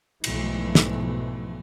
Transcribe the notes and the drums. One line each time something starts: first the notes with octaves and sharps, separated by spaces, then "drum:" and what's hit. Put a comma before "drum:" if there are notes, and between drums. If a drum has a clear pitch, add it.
B1 G#2 B2 E3 F3 A3, drum: cymbal
drum: snare